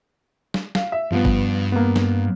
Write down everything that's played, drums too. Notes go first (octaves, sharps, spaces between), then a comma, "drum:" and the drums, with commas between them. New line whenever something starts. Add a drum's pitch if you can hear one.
drum: snare
F5, drum: snare
E5
G2 F3 B3
drum: kick
A#3 B3
drum: snare